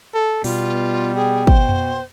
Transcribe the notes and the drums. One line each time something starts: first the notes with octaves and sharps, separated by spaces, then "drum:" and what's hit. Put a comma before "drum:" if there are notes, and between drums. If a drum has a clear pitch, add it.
A4
B2 G3 F4, drum: open hi-hat
G#4 G5
C5, drum: kick
drum: tom F2